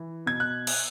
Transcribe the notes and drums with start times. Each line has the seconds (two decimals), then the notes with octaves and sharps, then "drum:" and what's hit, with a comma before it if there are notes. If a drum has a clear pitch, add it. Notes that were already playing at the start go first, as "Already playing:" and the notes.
Already playing: E3
0.26 B2 G#6
0.40 F#6
0.67 drum: cymbal